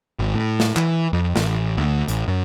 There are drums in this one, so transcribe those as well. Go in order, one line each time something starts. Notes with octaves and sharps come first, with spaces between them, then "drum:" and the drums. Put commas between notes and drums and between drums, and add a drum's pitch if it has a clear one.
G#1
A2
drum: snare
E3, drum: clap
F2
A1, drum: snare
D2
A1, drum: hi-hat
F#2